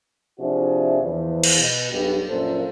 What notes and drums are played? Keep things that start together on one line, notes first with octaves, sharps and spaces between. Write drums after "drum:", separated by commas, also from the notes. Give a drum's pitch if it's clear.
C3 F3 D4 E4 F#4 G#4
E2 F3
drum: cymbal
B2
B1 G2 G4
A#1 F#2 A#2 A#3 A4 C5